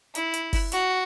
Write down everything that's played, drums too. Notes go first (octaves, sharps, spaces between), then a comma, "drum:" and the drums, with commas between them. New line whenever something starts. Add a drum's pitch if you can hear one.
E4, drum: hi-hat
drum: hi-hat
drum: kick F#1, open hi-hat
F#4, drum: hi-hat